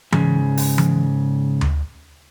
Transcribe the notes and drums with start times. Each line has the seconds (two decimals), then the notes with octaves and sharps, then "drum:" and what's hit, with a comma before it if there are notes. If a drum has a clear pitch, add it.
0.12 G#2 C#3, drum: tom E3
0.57 drum: open hi-hat
0.78 drum: tom E3
1.61 drum: tom D2